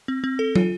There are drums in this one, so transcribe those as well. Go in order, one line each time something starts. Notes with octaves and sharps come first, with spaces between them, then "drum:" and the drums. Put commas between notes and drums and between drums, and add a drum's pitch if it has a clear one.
C4
C4
A4
F4, drum: tom